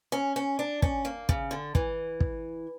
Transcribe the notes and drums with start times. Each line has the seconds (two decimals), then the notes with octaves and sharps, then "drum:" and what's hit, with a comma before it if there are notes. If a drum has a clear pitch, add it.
0.12 C#4
0.36 C#4
0.59 D4
0.82 C#4, drum: kick
1.05 A#3
1.29 C#3, drum: kick
1.51 D3
1.75 E3, drum: kick
2.20 drum: kick